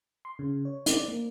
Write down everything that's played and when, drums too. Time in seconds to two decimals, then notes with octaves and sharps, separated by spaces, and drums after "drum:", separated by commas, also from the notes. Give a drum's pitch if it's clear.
0.25 C6
0.39 C#3
0.65 C#5
0.86 D5, drum: hi-hat
1.08 A#3